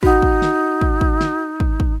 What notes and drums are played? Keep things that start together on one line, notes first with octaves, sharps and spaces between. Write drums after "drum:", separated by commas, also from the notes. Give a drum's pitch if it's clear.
D#4 F#4 F#5, drum: kick
drum: kick
drum: snare
drum: kick
drum: kick
drum: snare
drum: kick
drum: kick